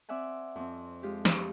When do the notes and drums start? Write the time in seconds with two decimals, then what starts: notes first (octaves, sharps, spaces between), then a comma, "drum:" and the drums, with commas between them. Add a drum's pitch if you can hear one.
0.09 C4 D5 E5 F#5 G#5
0.56 F2 C4
1.03 G#3 F4 G4
1.25 drum: snare